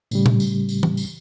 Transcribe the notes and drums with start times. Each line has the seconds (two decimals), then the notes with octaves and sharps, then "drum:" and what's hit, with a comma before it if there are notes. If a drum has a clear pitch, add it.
0.11 A2 C#3 G3, drum: tambourine
0.26 drum: tom A#2
0.40 drum: tambourine
0.69 drum: tambourine
0.83 drum: tom
0.97 drum: tambourine